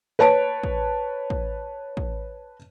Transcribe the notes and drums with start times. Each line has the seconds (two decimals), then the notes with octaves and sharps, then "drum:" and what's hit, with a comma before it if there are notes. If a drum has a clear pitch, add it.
0.19 B4 C#5 A5 D7
0.63 drum: kick
1.30 drum: kick
1.97 drum: kick